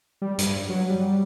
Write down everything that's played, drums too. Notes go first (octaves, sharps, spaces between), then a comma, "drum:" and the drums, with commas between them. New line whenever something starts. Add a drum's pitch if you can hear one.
G3
G2, drum: hi-hat
F#3
G3